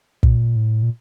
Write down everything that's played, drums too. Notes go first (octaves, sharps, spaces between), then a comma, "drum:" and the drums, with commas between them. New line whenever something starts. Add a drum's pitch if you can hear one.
A#2, drum: kick
A2
A#2